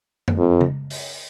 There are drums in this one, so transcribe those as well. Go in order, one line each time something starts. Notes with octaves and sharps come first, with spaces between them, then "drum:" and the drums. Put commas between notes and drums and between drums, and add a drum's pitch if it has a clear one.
drum: tom F#2
F2
drum: tom C#3
drum: open hi-hat